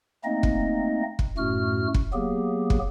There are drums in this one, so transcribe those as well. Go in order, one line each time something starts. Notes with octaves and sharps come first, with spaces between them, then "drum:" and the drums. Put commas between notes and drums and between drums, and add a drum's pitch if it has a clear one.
A3 A#3 C4 D#4 D#5
drum: kick
drum: kick
F#2 A2 A3 F#4 F6
drum: kick
F#3 A#3 B3 G4 G#4
drum: kick